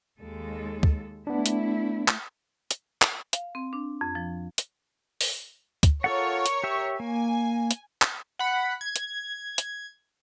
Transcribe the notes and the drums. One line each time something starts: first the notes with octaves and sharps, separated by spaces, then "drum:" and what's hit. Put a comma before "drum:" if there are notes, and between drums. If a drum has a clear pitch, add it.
D#2 G#3 A4
drum: kick
A3 B3 D4 E4
drum: hi-hat
drum: clap
drum: hi-hat
drum: clap
F5, drum: hi-hat
C4
D4
F2
F3
drum: hi-hat
drum: open hi-hat
drum: kick, hi-hat
F4 A4 A#4 C#5 F#5
drum: hi-hat
G4 E5
A#3 G#5
drum: hi-hat
drum: clap
F#5 B5
G#6
drum: hi-hat
drum: hi-hat